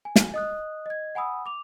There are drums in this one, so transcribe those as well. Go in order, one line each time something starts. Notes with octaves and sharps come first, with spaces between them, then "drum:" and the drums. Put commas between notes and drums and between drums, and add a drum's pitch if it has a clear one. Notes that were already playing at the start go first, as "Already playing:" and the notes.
G#5
drum: snare
D#5 D#6 F#6
D#5 G#6
F#5 G#5 B5 D#6 E6
D6 F7